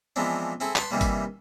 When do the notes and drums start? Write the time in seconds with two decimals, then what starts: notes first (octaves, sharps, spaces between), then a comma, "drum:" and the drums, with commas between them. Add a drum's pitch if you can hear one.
0.16 E3 F3 G#3 B3 C4 D4
0.60 C4 E4 G#4 A4
0.76 B4 A5 B5 C6, drum: clap
0.91 C3 D#3 E3 G3 A#3
1.01 drum: kick, open hi-hat